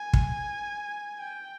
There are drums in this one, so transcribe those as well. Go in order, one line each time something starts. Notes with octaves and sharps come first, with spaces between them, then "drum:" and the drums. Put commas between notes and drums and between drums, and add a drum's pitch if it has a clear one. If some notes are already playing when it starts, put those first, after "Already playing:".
Already playing: G#5
drum: kick
G5